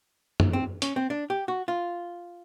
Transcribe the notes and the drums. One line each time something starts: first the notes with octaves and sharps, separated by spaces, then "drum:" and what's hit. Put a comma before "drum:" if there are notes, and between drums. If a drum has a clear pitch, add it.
drum: tom
C4
C#4, drum: hi-hat
C4
D4
G4
F#4
F4